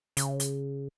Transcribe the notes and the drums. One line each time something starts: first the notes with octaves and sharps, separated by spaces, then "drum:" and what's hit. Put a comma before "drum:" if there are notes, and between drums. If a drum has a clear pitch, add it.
C#3, drum: hi-hat
drum: hi-hat